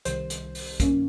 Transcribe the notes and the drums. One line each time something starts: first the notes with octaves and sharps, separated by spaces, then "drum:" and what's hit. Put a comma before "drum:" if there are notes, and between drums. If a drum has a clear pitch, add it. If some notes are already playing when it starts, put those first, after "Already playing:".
C2 C3 D#3 C5, drum: hi-hat
drum: hi-hat
drum: open hi-hat
G2 D#3 A#3 C#4, drum: kick, hi-hat